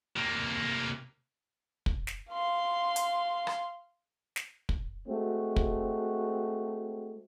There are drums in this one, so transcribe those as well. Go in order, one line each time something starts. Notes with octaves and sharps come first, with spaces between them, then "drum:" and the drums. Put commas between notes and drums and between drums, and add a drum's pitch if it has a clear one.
C3 A#3
drum: kick
drum: snare
F5 C6
drum: hi-hat
drum: rim click
drum: snare
drum: kick
G#3 A3 C4 F#4
drum: kick